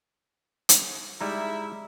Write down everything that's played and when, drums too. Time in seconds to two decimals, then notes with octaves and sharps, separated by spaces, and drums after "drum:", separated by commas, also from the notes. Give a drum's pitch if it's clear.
0.69 drum: hi-hat
1.21 G3 G#3 D#4 E4 E5 A#5